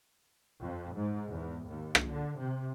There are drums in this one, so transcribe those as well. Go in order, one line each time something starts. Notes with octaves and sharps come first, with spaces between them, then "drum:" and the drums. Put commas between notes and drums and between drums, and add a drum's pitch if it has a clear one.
F2
G#2
E2
D#2
drum: rim click
D3
C3